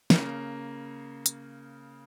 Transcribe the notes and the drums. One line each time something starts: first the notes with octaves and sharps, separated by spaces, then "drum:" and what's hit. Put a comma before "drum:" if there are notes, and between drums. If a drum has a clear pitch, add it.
C#3 A#3, drum: snare
drum: hi-hat